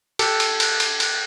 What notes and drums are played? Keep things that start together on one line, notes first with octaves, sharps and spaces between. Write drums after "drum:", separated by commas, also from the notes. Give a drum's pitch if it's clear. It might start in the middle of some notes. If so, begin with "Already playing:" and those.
G4 A4, drum: cymbal
drum: cymbal
drum: cymbal
drum: cymbal
drum: cymbal